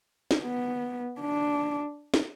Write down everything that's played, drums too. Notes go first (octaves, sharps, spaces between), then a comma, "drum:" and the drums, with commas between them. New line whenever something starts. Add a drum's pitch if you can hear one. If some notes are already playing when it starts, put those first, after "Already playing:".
drum: snare
B3
D4
drum: snare